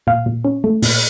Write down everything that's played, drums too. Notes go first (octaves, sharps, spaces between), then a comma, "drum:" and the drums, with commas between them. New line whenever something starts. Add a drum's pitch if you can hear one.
A#2 F5
A#2
C#4
A3
A#2, drum: open hi-hat